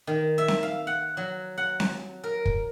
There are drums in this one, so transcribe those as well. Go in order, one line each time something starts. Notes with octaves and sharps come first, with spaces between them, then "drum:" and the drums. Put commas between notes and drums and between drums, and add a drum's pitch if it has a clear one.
D#3
E5
drum: snare C4
F5
F#5
F#3
F#5
drum: snare C4
A#4
drum: kick